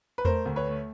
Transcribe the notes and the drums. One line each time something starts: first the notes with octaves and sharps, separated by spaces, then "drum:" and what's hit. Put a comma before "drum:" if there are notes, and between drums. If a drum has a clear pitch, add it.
B4
A3 A#4 C5, drum: tom E2
D2
B4 C#5
A3